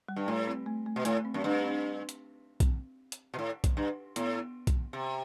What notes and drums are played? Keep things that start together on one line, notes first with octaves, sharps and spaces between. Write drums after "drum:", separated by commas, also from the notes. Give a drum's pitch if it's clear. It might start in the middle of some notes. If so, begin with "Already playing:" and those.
G3
G2
A2 A3
C4
A3
A3
B2
A2 A3, drum: hi-hat
C4
F#2
G2 D4
C4
drum: hi-hat
C4, drum: kick B1, hi-hat
drum: hi-hat
B2
A2
drum: kick B1, hi-hat
G2
A2 B3, drum: hi-hat
drum: kick B1, hi-hat
C3